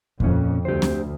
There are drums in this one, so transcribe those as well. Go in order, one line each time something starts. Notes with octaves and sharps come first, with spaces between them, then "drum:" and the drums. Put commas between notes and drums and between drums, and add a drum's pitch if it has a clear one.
F2 A#2 C#4, drum: kick D#2
D2 G4 C5
drum: snare C4